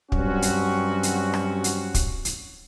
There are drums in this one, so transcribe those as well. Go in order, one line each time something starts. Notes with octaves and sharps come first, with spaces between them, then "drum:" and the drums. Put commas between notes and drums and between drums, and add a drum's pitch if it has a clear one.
G2 F#3 C4 C#4 F#4, drum: kick
drum: hi-hat
drum: hi-hat
drum: rim click
drum: hi-hat
drum: kick, hi-hat
drum: hi-hat